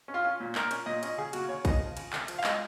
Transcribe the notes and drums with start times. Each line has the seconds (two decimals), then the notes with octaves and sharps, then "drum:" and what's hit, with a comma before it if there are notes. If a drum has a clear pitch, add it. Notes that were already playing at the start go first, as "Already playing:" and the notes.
0.08 C#4
0.14 F4
0.24 C#4
0.40 A#2
0.55 A#2 A#4, drum: clap
0.71 C#4, drum: cymbal
0.86 A#2 D#5
1.03 C#4 D#5, drum: cymbal
1.18 C#3 G#4
1.33 A#3 F#4, drum: cymbal
1.49 C#3 C#5
1.65 C#3 D#5, drum: kick A#1, cymbal
1.80 F3
1.97 C#3, drum: cymbal
2.13 C#3, drum: clap
2.28 F3, drum: cymbal
2.38 F5
2.44 G#3 D#5, drum: clap